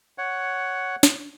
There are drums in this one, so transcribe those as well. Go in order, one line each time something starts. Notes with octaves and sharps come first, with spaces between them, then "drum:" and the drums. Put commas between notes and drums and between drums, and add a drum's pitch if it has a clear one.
C#5 F#5
drum: snare